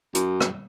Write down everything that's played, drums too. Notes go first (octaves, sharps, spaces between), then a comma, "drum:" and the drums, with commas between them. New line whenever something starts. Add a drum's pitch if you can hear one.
F#2, drum: hi-hat
drum: rim click